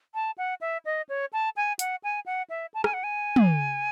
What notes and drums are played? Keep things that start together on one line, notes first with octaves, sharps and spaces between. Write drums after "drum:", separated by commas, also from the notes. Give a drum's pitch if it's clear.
A5
F#5
E5
D#5
C#5
A5
G#5
F#5, drum: hi-hat
G#5
F#5
E5
A5
G#5, drum: rim click
F#5
G#5
drum: tom